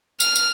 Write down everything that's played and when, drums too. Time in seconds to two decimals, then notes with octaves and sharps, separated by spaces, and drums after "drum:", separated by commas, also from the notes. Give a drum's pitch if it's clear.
0.20 F6, drum: tambourine
0.35 drum: tambourine